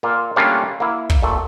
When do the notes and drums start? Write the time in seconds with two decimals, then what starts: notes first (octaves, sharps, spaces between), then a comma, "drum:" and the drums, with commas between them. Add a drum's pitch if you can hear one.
0.03 A#2 A#3 F4
0.36 G3 A3 A#3 C#4 D4 F4
0.80 A#3 E4
1.10 drum: kick
1.22 A#2 A3 A4